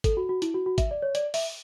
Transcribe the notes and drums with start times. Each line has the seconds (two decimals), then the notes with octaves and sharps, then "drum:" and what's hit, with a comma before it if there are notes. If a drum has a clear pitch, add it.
0.04 A4, drum: kick, hi-hat
0.17 F#4
0.29 F#4
0.42 E4, drum: hi-hat
0.54 F#4
0.66 F#4
0.78 E5, drum: kick, hi-hat
0.91 D5
1.02 C#5
1.15 D5, drum: hi-hat
1.34 E5, drum: open hi-hat